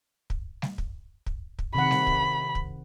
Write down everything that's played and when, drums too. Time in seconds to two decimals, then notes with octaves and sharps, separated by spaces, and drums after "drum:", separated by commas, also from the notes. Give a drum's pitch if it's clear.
0.30 drum: kick
0.62 drum: snare G3
0.78 drum: kick
1.26 drum: kick
1.59 drum: kick
1.75 C3 D#3 F#5 B5
1.91 drum: snare G3
2.07 drum: kick
2.55 drum: kick